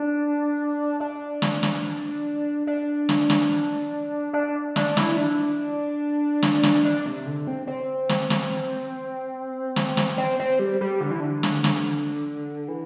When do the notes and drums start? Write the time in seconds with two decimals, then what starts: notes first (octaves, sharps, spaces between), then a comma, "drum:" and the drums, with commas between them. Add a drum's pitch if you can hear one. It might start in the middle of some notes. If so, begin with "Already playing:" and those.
Already playing: D4
1.00 D4
1.42 drum: snare
1.63 drum: snare
2.67 D4
3.09 drum: snare
3.30 drum: snare
4.33 D4
4.76 D4, drum: snare
4.97 E4, drum: snare
5.17 D4
6.43 drum: snare
6.63 drum: snare
6.85 D4
7.06 C3
7.27 D3
7.47 C4
7.67 C4
8.09 drum: snare
8.30 drum: snare
9.76 drum: snare
9.97 drum: snare
10.18 C4
10.39 C4
10.59 G3
10.81 G3
11.01 D3
11.11 E3
11.20 D3
11.43 drum: snare
11.64 drum: snare
12.68 E3